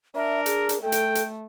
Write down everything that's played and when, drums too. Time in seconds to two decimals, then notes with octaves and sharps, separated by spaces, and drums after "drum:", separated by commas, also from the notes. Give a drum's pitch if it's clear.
0.15 D4 A#4 E5
0.46 G#4, drum: hi-hat
0.69 drum: hi-hat
0.82 A3 A4 G5
0.92 drum: hi-hat
1.15 drum: hi-hat